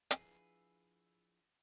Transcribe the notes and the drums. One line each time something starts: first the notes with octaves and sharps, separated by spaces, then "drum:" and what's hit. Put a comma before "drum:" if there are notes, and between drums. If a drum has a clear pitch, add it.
F3 D4 E4 G#4 B4, drum: hi-hat